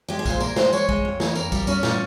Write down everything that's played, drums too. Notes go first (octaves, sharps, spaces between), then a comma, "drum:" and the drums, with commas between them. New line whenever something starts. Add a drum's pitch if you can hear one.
G#3 G4
G#4
A#2 C5, drum: kick B1, tambourine
A#2 A#4, drum: tambourine
G#3 C5, drum: snare
G#3 C#5, drum: tambourine
G#3, drum: kick B1
F2
E3, drum: snare
F2 A#4, drum: tambourine
G3, drum: kick B1, tambourine
G3 C#4, drum: tambourine
A#2, drum: snare